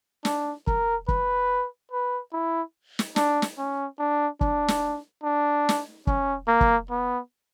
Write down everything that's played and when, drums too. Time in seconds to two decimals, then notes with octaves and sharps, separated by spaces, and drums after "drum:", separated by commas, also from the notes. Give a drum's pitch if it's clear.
0.25 D4, drum: snare
0.67 A#4, drum: kick
1.08 B4, drum: kick
1.92 B4
2.33 E4
2.99 drum: snare
3.16 D4, drum: snare
3.42 drum: snare
3.58 C#4
3.99 D4
4.41 D4, drum: kick
4.68 drum: snare
5.23 D4
5.69 drum: snare
6.07 C#4, drum: kick
6.48 A#3
6.61 drum: kick
6.91 B3